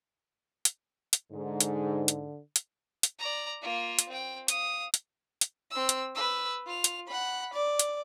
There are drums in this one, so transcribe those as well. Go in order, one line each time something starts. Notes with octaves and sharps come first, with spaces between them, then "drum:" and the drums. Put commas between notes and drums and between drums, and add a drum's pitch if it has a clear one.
drum: hi-hat
drum: hi-hat
G#2 D3
drum: hi-hat
drum: hi-hat
drum: hi-hat
drum: hi-hat
D5 A#5
A#3 F4
drum: hi-hat
C4 G5
F5 D#6, drum: hi-hat
drum: hi-hat
drum: hi-hat
C4 E6
drum: hi-hat
B4 E6
F4 F7
drum: hi-hat
F#5 B5
D5
drum: hi-hat